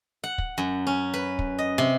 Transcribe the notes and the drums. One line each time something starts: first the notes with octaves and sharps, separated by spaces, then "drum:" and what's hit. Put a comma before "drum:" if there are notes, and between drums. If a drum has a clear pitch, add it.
F#5
drum: kick
F#2
C#4
B4
drum: kick
D#5
C3